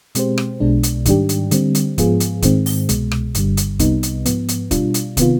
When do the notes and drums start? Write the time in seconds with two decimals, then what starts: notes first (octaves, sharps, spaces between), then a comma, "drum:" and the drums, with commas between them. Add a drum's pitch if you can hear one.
0.15 B2 G#3 C4 G4 C5, drum: hi-hat
0.38 drum: rim click
0.60 B1 B2 G#3 D4
0.83 drum: hi-hat
1.05 G#2 D#3 G3 D4 G4, drum: kick, hi-hat
1.29 drum: hi-hat
1.51 D3 G3 C4, drum: hi-hat
1.75 drum: hi-hat
1.98 G#2 F3 B3 F4 G#4, drum: kick, hi-hat
2.20 drum: hi-hat
2.42 G#2 D#3 G#3 C4, drum: kick, hi-hat
2.66 drum: open hi-hat
2.89 C2 B2 G#3, drum: hi-hat
3.12 drum: rim click
3.35 G1 G2 D3 G3, drum: hi-hat
3.57 drum: hi-hat
3.79 C2 C3 G3 B3 D#4, drum: kick, hi-hat
4.03 drum: hi-hat
4.25 G#2 F3 B3, drum: hi-hat
4.48 drum: hi-hat
4.71 B2 G3 D4 F4, drum: kick, hi-hat
4.94 drum: hi-hat
5.17 C3 D#3 B3 F4, drum: kick, hi-hat